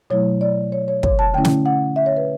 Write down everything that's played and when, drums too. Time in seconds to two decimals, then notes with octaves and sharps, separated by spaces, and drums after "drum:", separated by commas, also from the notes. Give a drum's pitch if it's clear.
0.10 B2 F#3 A3 E4 C#5
0.41 D5
0.72 C#5
0.88 C#5
1.03 C#5, drum: kick
1.19 A5
1.34 D3 A3 C#4 E4 G5
1.45 drum: snare
1.66 F#5
1.96 E5
2.06 C#5
2.17 B4